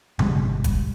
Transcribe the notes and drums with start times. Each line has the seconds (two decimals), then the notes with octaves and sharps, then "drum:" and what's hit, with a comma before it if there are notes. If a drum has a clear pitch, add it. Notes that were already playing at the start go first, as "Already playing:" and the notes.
0.19 G1 B2 G3 G#3, drum: tom C#3
0.64 drum: kick, hi-hat